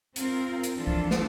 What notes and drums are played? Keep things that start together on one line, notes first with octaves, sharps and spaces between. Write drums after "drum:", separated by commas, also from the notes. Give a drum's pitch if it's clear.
C4 F4 A#4, drum: hi-hat
drum: hi-hat
E3 F3 C4 D4 F4 A4
drum: kick
drum: snare